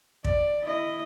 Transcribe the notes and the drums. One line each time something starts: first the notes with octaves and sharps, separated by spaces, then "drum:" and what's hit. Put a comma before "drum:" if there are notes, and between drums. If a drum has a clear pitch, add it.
D5, drum: kick
E4 D#5